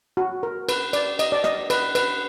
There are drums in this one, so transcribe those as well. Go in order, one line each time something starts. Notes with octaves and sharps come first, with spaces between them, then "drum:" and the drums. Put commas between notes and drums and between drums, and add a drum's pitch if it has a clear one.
F#4
A#4
B4, drum: cymbal
D5, drum: cymbal
D#5, drum: cymbal
D5
D#5, drum: rim click
B4, drum: cymbal
B4, drum: cymbal